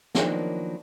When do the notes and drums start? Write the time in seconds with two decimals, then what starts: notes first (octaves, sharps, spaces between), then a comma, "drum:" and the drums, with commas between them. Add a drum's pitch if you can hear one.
0.15 D#3 F3 F#3 A#3 B3 D4, drum: snare